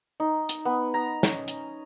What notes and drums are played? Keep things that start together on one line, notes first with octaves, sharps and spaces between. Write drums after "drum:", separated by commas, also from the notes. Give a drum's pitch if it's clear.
D#4
drum: hi-hat
B3
A#5
C#4, drum: snare
drum: hi-hat